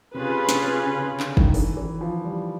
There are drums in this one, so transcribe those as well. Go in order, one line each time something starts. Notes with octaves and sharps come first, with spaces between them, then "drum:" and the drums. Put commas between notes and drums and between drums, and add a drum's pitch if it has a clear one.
C3 C#4 F4 G#4 B4
drum: snare
C#3
C#3
D3, drum: clap
D#3, drum: kick
E3, drum: open hi-hat
E3
F3
G3